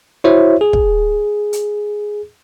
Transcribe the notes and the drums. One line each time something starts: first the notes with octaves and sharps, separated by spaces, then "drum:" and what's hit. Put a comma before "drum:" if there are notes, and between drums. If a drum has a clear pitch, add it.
E4 F#4 C5 C#5 E5
G#4
drum: kick
drum: hi-hat